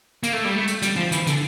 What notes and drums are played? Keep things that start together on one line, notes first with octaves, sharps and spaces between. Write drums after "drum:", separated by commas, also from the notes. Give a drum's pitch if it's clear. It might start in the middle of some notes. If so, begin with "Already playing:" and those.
A#3, drum: hi-hat
A3
G3
A3
drum: hi-hat
G3, drum: hi-hat
F3
E3, drum: hi-hat
D3, drum: hi-hat